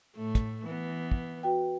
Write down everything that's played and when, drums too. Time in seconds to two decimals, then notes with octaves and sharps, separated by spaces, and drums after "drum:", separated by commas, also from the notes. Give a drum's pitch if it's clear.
0.16 A2 A3
0.35 drum: kick, hi-hat
0.65 E3 B3
1.11 drum: kick
1.43 F#4 B4 G5